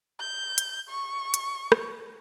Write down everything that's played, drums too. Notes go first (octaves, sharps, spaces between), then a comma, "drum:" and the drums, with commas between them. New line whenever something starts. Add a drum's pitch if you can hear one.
G6
drum: hi-hat
C#6
drum: hi-hat
drum: rim click